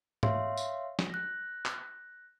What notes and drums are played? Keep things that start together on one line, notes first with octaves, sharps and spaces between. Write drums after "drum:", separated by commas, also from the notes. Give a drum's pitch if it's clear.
C#5 E5 F5 C6, drum: tom G#2
drum: tambourine
drum: snare
F#6 A#6
drum: clap